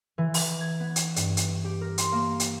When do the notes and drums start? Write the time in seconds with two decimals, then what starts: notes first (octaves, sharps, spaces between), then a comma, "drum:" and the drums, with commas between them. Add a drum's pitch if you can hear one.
0.18 E3
0.34 drum: open hi-hat
0.61 G#6
0.80 B3
0.96 drum: hi-hat
1.16 G2, drum: hi-hat
1.37 drum: hi-hat
1.64 G4
1.81 A#4
1.98 C6, drum: hi-hat
2.12 A#3
2.40 drum: hi-hat